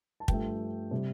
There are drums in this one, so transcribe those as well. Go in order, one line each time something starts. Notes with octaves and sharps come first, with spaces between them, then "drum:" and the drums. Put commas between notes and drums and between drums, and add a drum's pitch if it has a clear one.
A5
G2 F3 A3 G5, drum: kick
C3 G3